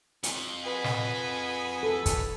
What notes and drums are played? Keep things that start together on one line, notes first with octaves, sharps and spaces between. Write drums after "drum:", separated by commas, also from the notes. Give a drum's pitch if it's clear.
F2, drum: hi-hat
F#4 G#4 B4 G#5
drum: snare
A4
drum: kick, hi-hat